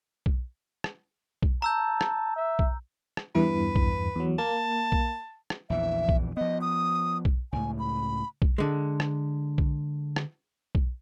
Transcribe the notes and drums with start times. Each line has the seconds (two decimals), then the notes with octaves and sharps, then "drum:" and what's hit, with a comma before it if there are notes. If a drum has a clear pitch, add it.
0.26 drum: kick B1
0.84 drum: rim click
1.42 drum: kick B1
1.62 A5 A#5 E6 G6
2.01 drum: rim click
2.36 E5
2.59 drum: kick B1
3.17 drum: rim click
3.35 E2 G2 E3 B4
3.76 drum: kick B1
4.16 E2 F#3
4.39 A#3 A5
4.92 drum: kick B1
5.50 drum: rim click
5.70 A#1 E2 E3 E5
6.09 drum: kick B1
6.37 F3 B3 D#5
6.61 D#6
7.25 drum: kick B1
7.52 C#2 A2 G#5
7.79 B5
8.42 drum: kick B1
8.58 D3 G#3
9.00 drum: rim click
9.58 drum: kick B1
10.16 drum: rim click
10.75 drum: kick B1